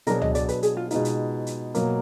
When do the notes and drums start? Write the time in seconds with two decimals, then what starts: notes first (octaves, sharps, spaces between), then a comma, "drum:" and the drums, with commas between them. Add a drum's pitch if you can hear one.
0.07 B2 F#3 D4 G#4 A#4, drum: hi-hat
0.22 D#5, drum: tom C#2
0.35 D5, drum: hi-hat
0.48 B4, drum: hi-hat
0.63 G#4, drum: hi-hat
0.77 F4
0.91 B2 G#3 B3 D#4 F4, drum: hi-hat
1.05 drum: hi-hat
1.47 drum: hi-hat
1.75 B2 F#3 A#3, drum: hi-hat